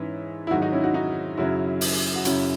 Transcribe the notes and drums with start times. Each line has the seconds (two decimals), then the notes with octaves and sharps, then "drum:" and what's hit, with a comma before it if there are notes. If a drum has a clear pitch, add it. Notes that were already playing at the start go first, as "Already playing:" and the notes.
Already playing: G#2 E3 C#4 E4
0.47 E4
0.50 G#2 D#3 F#3 D#4 F#4
0.62 D#4 F#4
0.72 C#4 E4
0.83 D#4 F#4
0.94 D#4 F#4
1.37 F#2 C#3 F#3 C#4 E4
1.81 drum: open hi-hat
2.15 F#4
2.25 F#2 C#3 F#3 C#4 E4, drum: hi-hat